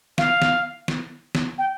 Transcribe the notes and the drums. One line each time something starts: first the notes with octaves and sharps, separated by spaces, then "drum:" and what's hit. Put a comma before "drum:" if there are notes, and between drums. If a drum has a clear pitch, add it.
F5, drum: snare
drum: snare
drum: snare
drum: snare
G5